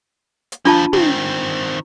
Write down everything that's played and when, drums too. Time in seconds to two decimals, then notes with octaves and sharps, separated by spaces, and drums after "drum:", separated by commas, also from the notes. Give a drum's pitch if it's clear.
0.52 drum: hi-hat
0.65 D#2 F3 D4 F4 A5
0.93 D#3 C4, drum: tom